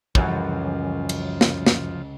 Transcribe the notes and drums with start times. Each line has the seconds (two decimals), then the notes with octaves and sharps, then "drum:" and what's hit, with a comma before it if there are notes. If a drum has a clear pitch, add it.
0.15 C#2 F#2 E3 F3 G3, drum: kick
1.09 drum: cymbal
1.41 drum: snare
1.66 drum: snare